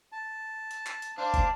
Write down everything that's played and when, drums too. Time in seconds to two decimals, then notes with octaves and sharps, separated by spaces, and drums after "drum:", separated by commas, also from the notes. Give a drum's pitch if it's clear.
0.12 A5
0.71 drum: hi-hat
0.86 drum: clap
1.02 drum: hi-hat
1.18 D4 C5 F5 D6
1.34 drum: kick, hi-hat